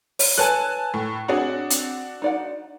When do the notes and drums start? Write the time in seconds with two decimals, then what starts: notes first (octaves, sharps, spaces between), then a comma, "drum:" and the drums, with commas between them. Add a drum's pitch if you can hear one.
0.19 C#5, drum: open hi-hat
0.38 A4 B4 C#5 G#5 A5 F#6
0.94 A2
1.28 C4 D4 F#4 G#4 C#5
1.70 C4, drum: hi-hat
2.22 D#4 D5 F#5